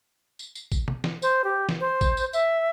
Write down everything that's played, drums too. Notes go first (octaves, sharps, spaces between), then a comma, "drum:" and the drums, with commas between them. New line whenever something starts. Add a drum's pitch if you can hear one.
drum: tambourine
drum: tambourine
drum: kick A1, tambourine
drum: tom B2
drum: snare
C5, drum: tambourine
G4
drum: snare
C5
drum: kick A1, tambourine
drum: tambourine
E5, drum: tambourine